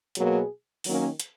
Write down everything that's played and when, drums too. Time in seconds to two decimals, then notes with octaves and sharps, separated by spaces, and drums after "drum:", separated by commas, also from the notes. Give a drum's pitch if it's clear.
0.15 B2 F#3 A#3 G#4, drum: hi-hat
0.84 D#3 F#3 A#3 C#4, drum: open hi-hat
1.20 drum: hi-hat